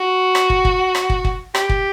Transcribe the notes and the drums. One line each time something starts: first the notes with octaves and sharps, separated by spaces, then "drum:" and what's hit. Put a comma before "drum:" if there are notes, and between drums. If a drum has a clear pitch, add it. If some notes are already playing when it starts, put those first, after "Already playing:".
Already playing: F#4
drum: rim click
drum: kick
drum: kick
drum: rim click
drum: kick
drum: kick
G4, drum: rim click
drum: kick